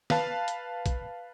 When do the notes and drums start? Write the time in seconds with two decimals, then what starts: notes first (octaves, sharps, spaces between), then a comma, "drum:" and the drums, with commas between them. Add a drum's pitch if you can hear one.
0.10 B4 F5 A5, drum: snare
0.48 drum: hi-hat
0.86 drum: kick, hi-hat